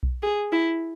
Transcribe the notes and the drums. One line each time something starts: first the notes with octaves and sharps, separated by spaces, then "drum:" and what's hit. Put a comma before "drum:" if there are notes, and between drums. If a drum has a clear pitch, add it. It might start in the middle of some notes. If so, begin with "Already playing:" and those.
drum: kick B1
G#4
E4